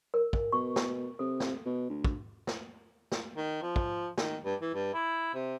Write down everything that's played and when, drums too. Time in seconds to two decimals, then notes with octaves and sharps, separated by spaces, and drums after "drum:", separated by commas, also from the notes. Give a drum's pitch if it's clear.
0.14 A#4
0.33 drum: kick
0.52 B2 C#6
0.76 drum: snare
1.19 C3 A4
1.40 drum: snare
1.66 B2
1.89 D2
2.04 drum: kick
2.47 drum: snare
3.12 drum: snare
3.37 D#3
3.62 F3
3.76 drum: kick
4.18 D#3, drum: snare
4.44 G2
4.62 E3
4.74 G2
4.94 E4
5.34 C3